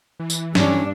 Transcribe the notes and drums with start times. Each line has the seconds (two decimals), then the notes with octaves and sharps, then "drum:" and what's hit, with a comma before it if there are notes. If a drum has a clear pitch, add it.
0.20 E3
0.30 drum: tambourine
0.55 G2 C#4 D4, drum: snare